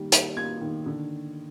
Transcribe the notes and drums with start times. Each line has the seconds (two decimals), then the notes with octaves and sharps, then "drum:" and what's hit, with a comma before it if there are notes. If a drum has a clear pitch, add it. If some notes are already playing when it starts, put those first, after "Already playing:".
Already playing: D#3 G3 A#3
0.12 D#4, drum: hi-hat
0.37 A#3 G#6
0.61 D#3
0.86 D3